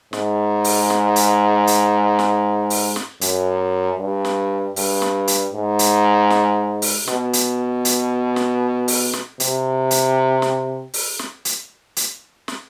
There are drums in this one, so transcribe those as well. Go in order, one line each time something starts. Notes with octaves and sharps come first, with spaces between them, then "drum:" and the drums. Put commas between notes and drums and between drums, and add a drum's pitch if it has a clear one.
G#2, drum: snare
drum: open hi-hat
drum: snare
drum: hi-hat
drum: hi-hat
drum: snare
drum: open hi-hat
drum: snare
F#2, drum: hi-hat
G2
drum: snare
G2, drum: open hi-hat
drum: snare
drum: hi-hat
G#2
drum: hi-hat
drum: snare
drum: open hi-hat
B2, drum: snare
drum: hi-hat
drum: hi-hat
drum: snare
drum: open hi-hat
drum: snare
C3, drum: hi-hat
drum: hi-hat
drum: snare
drum: open hi-hat
drum: snare
drum: hi-hat
drum: hi-hat
drum: snare